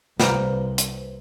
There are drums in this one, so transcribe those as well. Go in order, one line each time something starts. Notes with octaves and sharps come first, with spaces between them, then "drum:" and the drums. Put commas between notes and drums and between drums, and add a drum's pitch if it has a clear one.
C2 G3 A#3 B4 C5, drum: snare
drum: hi-hat